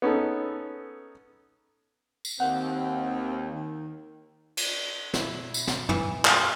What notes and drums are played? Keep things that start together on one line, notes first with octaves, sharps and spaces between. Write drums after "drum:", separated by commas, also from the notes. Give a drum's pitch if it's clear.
B3 C#4 D#4 A4
drum: tambourine
D#2 C4 F#5
D#3
drum: cymbal
E4, drum: snare
drum: tambourine
drum: snare
E3, drum: tom
F4, drum: clap